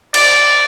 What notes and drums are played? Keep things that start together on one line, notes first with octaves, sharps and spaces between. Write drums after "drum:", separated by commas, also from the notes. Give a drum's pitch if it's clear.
D5, drum: cymbal